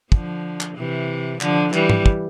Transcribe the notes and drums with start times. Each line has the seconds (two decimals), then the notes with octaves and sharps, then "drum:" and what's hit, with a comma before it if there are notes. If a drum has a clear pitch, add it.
0.12 D3 F3, drum: kick
0.61 drum: clap
0.76 C3 E3
1.41 D3 F3, drum: clap
1.73 E3 G3, drum: clap
1.90 drum: tom G#2
2.06 drum: kick